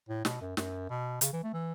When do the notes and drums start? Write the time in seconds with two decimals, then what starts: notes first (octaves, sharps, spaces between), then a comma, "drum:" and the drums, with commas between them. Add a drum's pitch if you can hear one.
0.09 A2
0.25 B2, drum: snare
0.41 F#2
0.57 F#2, drum: snare
0.89 B2
1.21 C#3, drum: hi-hat
1.33 E3
1.43 A3
1.53 E3